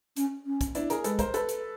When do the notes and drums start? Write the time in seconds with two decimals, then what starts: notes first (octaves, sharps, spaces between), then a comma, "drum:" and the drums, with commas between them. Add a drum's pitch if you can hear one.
0.16 C#4, drum: hi-hat
0.46 C#4
0.61 drum: kick, hi-hat
0.75 D4 E4, drum: hi-hat
0.90 G#4 A#4, drum: hi-hat
1.04 G#3 A4 B4, drum: hi-hat
1.19 A#4 C5, drum: kick, hi-hat
1.34 A4 B4, drum: hi-hat
1.49 drum: hi-hat